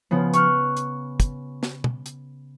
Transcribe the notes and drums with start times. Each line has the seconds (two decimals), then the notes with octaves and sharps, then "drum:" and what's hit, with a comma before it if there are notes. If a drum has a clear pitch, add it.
0.11 C#3 F3 B3
0.34 C#6 F6 F#6, drum: hi-hat
0.77 drum: hi-hat
1.20 drum: kick, hi-hat
1.63 drum: snare
1.84 drum: tom
2.06 drum: hi-hat